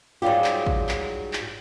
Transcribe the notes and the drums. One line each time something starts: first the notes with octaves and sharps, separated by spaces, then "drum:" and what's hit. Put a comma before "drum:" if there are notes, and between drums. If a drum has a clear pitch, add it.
G#2 F#3 G3 F4 G4
drum: clap
drum: kick
drum: clap
drum: clap